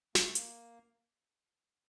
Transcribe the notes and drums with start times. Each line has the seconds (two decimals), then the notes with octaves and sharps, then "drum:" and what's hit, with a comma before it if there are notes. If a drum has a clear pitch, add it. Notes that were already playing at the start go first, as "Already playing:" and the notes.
0.15 A#3, drum: snare
0.25 A3
0.35 A#3, drum: hi-hat